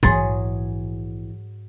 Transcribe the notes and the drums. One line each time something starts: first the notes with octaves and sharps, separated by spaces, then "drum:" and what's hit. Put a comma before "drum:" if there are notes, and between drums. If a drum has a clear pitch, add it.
A#1 G#2 E3 F#3 G#4 A6, drum: tom G#2